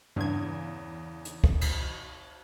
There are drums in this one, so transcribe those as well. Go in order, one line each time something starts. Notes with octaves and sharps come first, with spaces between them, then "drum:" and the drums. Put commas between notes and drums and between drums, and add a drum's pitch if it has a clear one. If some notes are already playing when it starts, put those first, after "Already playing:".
E2 G2 C#3 G#6
drum: hi-hat
drum: kick
drum: cymbal